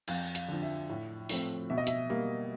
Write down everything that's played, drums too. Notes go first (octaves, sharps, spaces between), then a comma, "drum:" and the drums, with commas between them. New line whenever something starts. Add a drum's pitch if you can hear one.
F2 F5, drum: cymbal
F5, drum: hi-hat
D3 F3
E5
A2
F3 A3 C4, drum: open hi-hat
B2 E5
D#5
E5, drum: hi-hat
G3 A#3